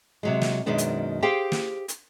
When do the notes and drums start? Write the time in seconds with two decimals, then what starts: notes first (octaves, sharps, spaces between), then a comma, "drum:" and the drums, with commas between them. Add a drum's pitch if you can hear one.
0.23 C3 F#3 G#3
0.41 drum: snare
0.66 F#2 B2 D#3 G#3 B3 D4
0.78 drum: hi-hat
1.22 G4 G#4 C5 F5 G5
1.52 drum: snare
1.88 drum: hi-hat